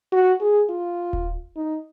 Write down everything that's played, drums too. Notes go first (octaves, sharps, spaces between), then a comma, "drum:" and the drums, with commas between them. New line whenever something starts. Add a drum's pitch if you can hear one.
F#4
G#4
F4
drum: kick D#1
D#4